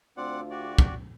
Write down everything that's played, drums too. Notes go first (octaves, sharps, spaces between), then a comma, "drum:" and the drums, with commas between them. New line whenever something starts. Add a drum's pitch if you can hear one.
D2 C4 F4 D5 F#5
F#4 G4 D5
drum: kick